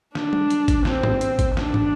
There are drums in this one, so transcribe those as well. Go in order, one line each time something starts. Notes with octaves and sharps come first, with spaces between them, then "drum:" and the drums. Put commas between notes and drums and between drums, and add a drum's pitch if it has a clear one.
D4, drum: snare
drum: tom G3
drum: hi-hat
drum: kick, hi-hat
C4, drum: snare
drum: tom
drum: hi-hat
drum: kick, hi-hat
D4, drum: snare
drum: tom